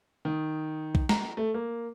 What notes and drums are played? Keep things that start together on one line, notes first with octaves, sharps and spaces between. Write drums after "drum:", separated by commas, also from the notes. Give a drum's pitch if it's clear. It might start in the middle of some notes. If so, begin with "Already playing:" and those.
D#3
drum: kick B1
A#5, drum: snare
A3
A#3